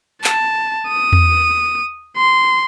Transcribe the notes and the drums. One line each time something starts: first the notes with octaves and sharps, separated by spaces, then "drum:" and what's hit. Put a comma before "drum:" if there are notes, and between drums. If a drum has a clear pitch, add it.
A5, drum: clap
D#6
drum: tom E2
C6